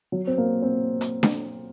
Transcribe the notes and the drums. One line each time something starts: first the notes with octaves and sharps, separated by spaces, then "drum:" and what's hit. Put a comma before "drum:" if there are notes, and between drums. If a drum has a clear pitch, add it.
F#3
C4
A#3
C4
drum: hi-hat
drum: snare D4